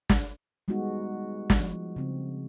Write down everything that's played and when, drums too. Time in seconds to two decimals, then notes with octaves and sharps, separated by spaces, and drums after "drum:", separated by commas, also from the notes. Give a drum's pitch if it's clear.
0.09 drum: snare
0.68 G3 G#3 B3 D#4 F#4
1.50 drum: snare
1.59 F3
1.96 C#3 C4